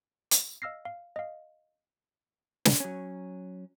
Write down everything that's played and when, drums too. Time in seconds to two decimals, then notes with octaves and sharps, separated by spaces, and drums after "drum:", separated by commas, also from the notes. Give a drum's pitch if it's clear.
0.31 drum: hi-hat
0.62 D#5 F5 E6 F6 A#6 C7
0.85 F5
1.16 D#5 F5
2.65 drum: snare
2.80 F#3 C#4